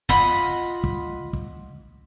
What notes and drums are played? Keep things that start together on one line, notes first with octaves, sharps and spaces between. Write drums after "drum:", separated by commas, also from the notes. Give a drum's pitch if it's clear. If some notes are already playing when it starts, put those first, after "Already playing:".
F4 D#5 F#5 B5, drum: snare
drum: kick
drum: kick